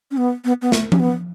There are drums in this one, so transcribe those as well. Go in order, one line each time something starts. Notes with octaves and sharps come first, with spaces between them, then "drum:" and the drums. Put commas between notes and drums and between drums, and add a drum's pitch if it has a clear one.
C#4
B3
B3
B3
A3, drum: snare
C#4, drum: tom F3
B3